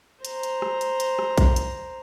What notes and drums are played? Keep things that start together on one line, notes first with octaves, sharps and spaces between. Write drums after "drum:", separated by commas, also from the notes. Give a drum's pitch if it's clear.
C5 A#5, drum: hi-hat
drum: hi-hat
drum: rim click
drum: hi-hat
drum: hi-hat
drum: rim click
drum: kick A#1, hi-hat
drum: hi-hat